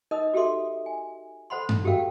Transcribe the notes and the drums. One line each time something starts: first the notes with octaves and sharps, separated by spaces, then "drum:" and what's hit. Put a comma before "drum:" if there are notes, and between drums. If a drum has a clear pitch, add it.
D#4 A#4 D#5 D#6
F#4 G4 A4 E5 C6 D6
G#5
A4 C5 F#5 B5 C6
drum: tom G2
F#4 G4 A4 A#4 F5 G5